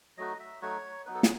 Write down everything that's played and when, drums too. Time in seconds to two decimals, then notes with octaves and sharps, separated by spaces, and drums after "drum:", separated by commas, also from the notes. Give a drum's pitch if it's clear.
0.17 F#3 A3 D#4 F#4 D#5
0.40 E5
0.62 F#3 A3 D#4 F#4 C#5
1.06 F#3 B3 D#4 B4
1.15 A4
1.23 G#4, drum: snare